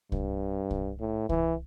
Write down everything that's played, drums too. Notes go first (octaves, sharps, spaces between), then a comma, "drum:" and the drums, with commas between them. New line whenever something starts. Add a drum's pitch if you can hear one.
G2, drum: kick C2
drum: kick C2
A2
E3, drum: kick C2